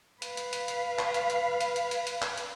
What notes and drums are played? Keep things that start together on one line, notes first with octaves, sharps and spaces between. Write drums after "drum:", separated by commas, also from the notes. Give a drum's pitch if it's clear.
B4 F5, drum: hi-hat
drum: hi-hat
drum: hi-hat
drum: hi-hat
drum: clap
drum: hi-hat
drum: hi-hat
drum: hi-hat
drum: hi-hat
drum: hi-hat
drum: hi-hat
drum: clap
drum: hi-hat